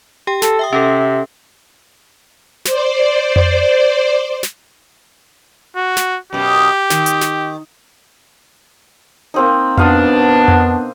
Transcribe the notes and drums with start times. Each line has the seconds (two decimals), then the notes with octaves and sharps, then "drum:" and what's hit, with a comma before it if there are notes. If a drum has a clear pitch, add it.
0.27 G4 G5
0.42 A4, drum: snare
0.59 E5 G5 D#6
0.73 C3 C#4 G4 A4
2.65 C5 D5, drum: snare
3.36 drum: tom F2
4.43 drum: snare
5.76 F#4
5.97 drum: snare
6.33 F#2 B2 G4
6.90 D#3, drum: snare
7.06 drum: hi-hat
7.21 drum: snare
9.34 A#3 C4 D#4
9.78 B2 B3 D4 F5 D#6, drum: tom F2
10.48 drum: tom F2